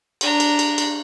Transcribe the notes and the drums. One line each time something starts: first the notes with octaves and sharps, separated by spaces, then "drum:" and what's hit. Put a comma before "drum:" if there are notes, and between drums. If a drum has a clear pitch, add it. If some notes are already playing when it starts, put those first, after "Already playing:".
D4 A#5, drum: cymbal
drum: cymbal
drum: cymbal
drum: cymbal